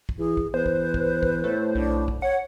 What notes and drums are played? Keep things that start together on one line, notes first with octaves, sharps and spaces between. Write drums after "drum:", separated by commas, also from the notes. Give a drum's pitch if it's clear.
drum: kick
E3 G#4
drum: kick
E2 B4 C5
drum: kick
drum: kick
drum: kick
A2 A3
B1 D4
drum: kick
C#5 F#5